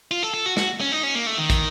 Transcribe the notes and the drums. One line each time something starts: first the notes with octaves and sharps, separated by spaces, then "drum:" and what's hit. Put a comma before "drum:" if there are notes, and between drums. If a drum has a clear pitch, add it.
F4
A4
A4
F#4
F#4, drum: snare
C#4
D#4
C#4
A#3
A3
D#3
drum: kick, hi-hat